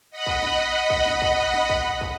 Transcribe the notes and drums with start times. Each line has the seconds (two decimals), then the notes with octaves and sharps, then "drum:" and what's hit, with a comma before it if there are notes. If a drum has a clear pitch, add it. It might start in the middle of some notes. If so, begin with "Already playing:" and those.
0.11 D#5 F#5 B5
0.26 drum: kick
0.42 drum: snare
0.90 drum: kick
1.06 drum: snare
1.22 drum: kick
1.53 drum: snare
1.69 drum: kick
2.01 drum: kick